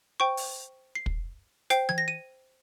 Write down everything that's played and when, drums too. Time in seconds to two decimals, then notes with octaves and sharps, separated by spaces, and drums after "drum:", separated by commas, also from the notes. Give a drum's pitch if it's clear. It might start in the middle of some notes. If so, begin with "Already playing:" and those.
0.20 C5 G5 C#6
0.37 drum: open hi-hat
0.95 C7
1.06 drum: kick
1.70 C5 G5 C7, drum: hi-hat
1.89 G#6, drum: tom E3
1.98 A#6
2.08 D#7